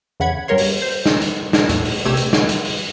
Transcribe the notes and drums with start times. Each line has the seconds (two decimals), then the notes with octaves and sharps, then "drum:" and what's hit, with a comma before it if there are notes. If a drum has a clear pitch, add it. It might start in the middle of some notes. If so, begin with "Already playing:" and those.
0.20 E2 C#3 F#5 B5 G#6
0.48 G2 G3 A#3 A#4 C#5 C6
0.58 drum: open hi-hat
0.82 C5
1.06 drum: snare
1.21 drum: hi-hat
1.53 drum: snare
1.69 A1 E2 A#2 A3, drum: hi-hat
1.85 drum: open hi-hat
2.05 A#1 C3 A3 G4 E6 G#6
2.17 drum: hi-hat
2.33 drum: snare
2.49 drum: hi-hat
2.65 drum: open hi-hat